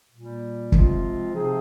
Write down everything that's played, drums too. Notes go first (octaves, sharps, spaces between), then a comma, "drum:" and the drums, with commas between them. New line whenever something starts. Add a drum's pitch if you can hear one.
A#2 G3 A#3
C3 F3 G#3 C4 F4, drum: kick
C3 F3 C4 D#4 G#4